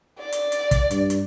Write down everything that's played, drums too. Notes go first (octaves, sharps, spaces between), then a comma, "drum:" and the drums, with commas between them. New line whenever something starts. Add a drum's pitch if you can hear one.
D5
drum: hi-hat
drum: hi-hat
drum: kick, hi-hat
G2, drum: hi-hat
drum: hi-hat